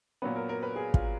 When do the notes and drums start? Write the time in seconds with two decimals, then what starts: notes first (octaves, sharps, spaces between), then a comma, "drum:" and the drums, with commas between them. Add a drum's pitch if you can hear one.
0.22 A#2 F#3 B3 B4
0.36 A#4
0.49 A#4
0.63 B4
0.76 G#4
0.94 F4, drum: kick